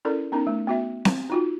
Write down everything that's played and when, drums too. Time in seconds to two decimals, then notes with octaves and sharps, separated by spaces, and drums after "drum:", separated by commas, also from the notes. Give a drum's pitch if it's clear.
0.05 C#4 E4 A4 A#4 D5
0.32 B3 C#4 D#4 A#4
0.47 A3
0.67 B3 F#4 E5
1.05 drum: snare C4
1.30 D#4 F4 F#4